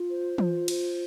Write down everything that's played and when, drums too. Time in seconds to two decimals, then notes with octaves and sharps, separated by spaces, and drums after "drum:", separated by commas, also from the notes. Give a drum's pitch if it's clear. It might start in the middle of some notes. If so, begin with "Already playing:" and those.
Already playing: F4
0.09 C5
0.38 F4, drum: tom E3
0.68 C5, drum: cymbal